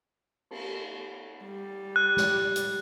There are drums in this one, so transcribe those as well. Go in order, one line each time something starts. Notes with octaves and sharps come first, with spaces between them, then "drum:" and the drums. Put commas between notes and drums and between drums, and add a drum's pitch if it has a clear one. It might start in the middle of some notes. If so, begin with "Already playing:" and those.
drum: cymbal
G3
F#6
drum: snare
drum: hi-hat